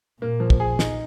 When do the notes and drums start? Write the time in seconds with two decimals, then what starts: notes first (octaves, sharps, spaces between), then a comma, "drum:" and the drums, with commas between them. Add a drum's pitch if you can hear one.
0.21 A#2 A#3
0.40 F3
0.50 drum: kick
0.60 G#4
0.79 D#4, drum: snare